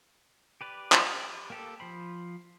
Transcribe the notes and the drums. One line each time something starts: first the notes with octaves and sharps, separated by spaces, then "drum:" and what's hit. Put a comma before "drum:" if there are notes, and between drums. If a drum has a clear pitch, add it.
G4 B4 D5
drum: clap
A#3 G4 A4
F3 C5 B5